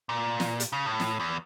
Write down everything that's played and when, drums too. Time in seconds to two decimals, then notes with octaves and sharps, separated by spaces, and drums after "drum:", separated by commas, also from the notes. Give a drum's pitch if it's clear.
0.09 A#2
0.40 drum: snare
0.60 drum: hi-hat
0.73 C#3
0.86 A2
1.00 drum: snare
1.20 E2